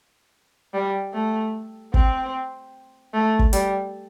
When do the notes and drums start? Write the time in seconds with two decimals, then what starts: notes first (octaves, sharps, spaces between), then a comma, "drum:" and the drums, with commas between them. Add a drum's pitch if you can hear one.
0.74 G3
1.13 A3
1.94 C4, drum: kick
3.14 A3
3.39 drum: kick
3.53 G3, drum: hi-hat